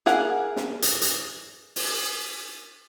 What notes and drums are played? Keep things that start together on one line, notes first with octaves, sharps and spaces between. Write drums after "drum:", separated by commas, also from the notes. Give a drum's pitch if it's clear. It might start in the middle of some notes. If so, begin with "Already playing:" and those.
G#4 A#4 F5 F#5, drum: snare
drum: snare
drum: hi-hat
drum: hi-hat
drum: open hi-hat